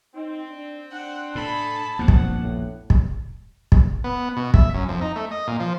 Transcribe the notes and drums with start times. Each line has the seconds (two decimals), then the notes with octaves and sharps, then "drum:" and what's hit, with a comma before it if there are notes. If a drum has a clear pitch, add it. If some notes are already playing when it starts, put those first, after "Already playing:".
0.15 C4 D#4
0.49 D4
0.92 D4 F#5
1.35 A2 G#4 A4 A5 B5
1.99 A#1 E2 G2 C4 F#5
2.08 drum: kick
2.41 A2
2.90 drum: kick
3.72 drum: kick
4.04 B3
4.37 B2
4.54 E5, drum: kick
4.74 F#2
4.89 F2
5.01 D#4
5.16 A3
5.31 D#5
5.47 A#2
5.60 F3